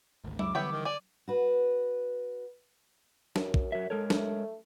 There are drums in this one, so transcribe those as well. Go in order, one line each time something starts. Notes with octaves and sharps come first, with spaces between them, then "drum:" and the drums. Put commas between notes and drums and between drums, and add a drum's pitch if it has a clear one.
G#1 D2
C#2 F#2 G#3 E4 D6, drum: tom F#3
D3 E3 G3 B3 C#5 E5 G5
D#3
D5 G#5
F#4 B4
F#2, drum: snare
drum: kick
F#2 F#3 E5
G#3 A4 A#4 C#5
A3, drum: snare